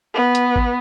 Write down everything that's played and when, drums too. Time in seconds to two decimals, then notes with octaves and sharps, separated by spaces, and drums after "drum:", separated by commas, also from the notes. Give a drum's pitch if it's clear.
0.14 B3
0.35 drum: hi-hat
0.56 drum: kick